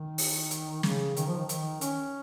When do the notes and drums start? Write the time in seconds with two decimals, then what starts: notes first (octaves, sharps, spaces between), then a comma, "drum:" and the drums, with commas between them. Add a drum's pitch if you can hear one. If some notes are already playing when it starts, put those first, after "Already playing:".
Already playing: D#3
0.18 drum: open hi-hat
0.51 drum: hi-hat
0.83 C#3, drum: snare
1.16 D#3, drum: hi-hat
1.27 F3
1.38 D#3
1.49 D#3, drum: hi-hat
1.81 C#4, drum: hi-hat